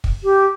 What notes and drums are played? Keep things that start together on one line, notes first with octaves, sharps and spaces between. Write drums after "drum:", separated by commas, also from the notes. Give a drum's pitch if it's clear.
drum: kick
G4